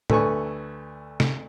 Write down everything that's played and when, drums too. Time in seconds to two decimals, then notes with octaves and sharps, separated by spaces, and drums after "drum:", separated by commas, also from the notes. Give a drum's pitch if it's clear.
0.10 D2 A3 B4 G#5 C#6, drum: tom A2
1.20 drum: snare